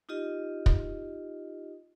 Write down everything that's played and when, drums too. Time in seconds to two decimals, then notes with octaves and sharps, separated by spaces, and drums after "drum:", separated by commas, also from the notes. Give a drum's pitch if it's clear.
0.09 D#4 F4 G4 D#5
0.66 drum: kick